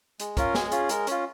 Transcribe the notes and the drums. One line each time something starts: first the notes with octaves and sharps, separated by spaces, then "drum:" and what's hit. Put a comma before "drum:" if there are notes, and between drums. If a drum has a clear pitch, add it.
G#3, drum: hi-hat
C#4 F4 A#4, drum: kick, hi-hat
G#3 G#4, drum: snare
C#4 F4 G#4, drum: hi-hat
G#3 A#4, drum: hi-hat
C#4 F4, drum: hi-hat